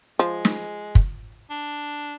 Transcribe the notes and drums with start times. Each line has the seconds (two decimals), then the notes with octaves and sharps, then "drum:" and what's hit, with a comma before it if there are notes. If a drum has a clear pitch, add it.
0.19 F3 G#3
0.45 drum: snare
0.95 drum: kick
1.50 D4